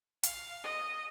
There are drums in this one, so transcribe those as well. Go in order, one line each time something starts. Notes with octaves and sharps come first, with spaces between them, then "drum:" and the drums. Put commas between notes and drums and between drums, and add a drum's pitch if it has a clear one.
F5, drum: hi-hat
D#5